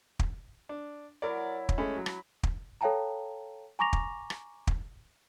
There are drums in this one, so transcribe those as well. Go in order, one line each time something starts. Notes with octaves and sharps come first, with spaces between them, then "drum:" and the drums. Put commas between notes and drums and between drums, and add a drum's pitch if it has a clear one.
drum: kick
D4
F#3 E4 A#4 D5
drum: kick
G#3 A3 C#4 B5
F#3
drum: rim click
drum: kick
A4 C#5 F5 G5 A5 A#5
G#5 A#5 C#6 D6 A#6 F7
drum: kick
drum: rim click
drum: kick